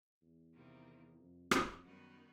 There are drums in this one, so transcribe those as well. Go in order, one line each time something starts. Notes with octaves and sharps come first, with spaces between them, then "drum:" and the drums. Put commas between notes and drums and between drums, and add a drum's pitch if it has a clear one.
E2
C3 D#3 G3 A#3 D#4
F2
F2, drum: rim click
F#2 D#3 G3 B3 D#4 F#4